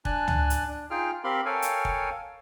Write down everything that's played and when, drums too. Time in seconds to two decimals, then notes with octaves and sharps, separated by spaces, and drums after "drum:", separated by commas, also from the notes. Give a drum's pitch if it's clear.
0.05 D4 G#5 A5 F#6, drum: kick
0.28 drum: tom
0.50 drum: hi-hat
0.68 D4
0.90 D#4 F4 G#4 G5 F6
1.24 C4 G4 A#4 F5 B5 C6
1.46 A4 A#4 C#5 F5 G5 G#5
1.62 drum: hi-hat
1.85 drum: kick